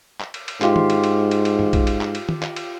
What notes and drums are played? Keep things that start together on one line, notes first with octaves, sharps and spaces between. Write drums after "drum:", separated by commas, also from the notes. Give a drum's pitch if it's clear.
drum: clap
drum: cymbal
drum: cymbal
G#2 F4 G4, drum: clap
drum: tom D#3
drum: cymbal
drum: cymbal
drum: cymbal
drum: cymbal
drum: tom G2
drum: kick, cymbal
drum: cymbal
drum: clap
drum: cymbal
drum: tom D#3
drum: clap
drum: cymbal